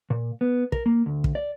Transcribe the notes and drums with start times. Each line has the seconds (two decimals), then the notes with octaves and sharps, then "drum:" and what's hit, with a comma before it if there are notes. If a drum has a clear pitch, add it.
0.10 A#2
0.41 B3
0.72 A#4, drum: kick
0.86 A#3
1.06 D2
1.24 drum: kick
1.35 D5